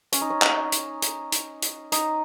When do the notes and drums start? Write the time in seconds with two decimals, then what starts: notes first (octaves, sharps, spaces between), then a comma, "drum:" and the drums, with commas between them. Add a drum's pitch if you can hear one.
0.12 C#4, drum: hi-hat
0.21 D#4
0.30 C#4
0.42 drum: clap
0.72 drum: hi-hat
1.02 drum: hi-hat
1.32 drum: hi-hat
1.62 drum: hi-hat
1.92 D#4, drum: hi-hat